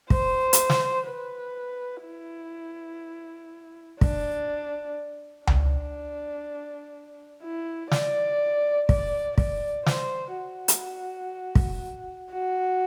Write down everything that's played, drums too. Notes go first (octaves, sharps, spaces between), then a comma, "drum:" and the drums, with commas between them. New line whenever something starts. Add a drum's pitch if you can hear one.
C5, drum: kick
drum: hi-hat
drum: snare
B4
E4
D4, drum: kick
D4, drum: tom C#2
E4
D5, drum: snare
D5, drum: kick
D5, drum: kick
C5, drum: snare
F#4
drum: hi-hat
drum: kick
F#4